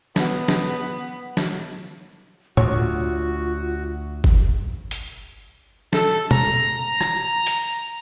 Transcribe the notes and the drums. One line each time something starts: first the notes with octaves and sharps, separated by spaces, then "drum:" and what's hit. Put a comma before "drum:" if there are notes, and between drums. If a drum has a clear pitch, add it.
B3, drum: snare
drum: snare
drum: snare
D2 F4 F#4 C#5, drum: tom A2
drum: kick
drum: hi-hat
A4, drum: snare
A#5, drum: tom B2
drum: rim click
drum: hi-hat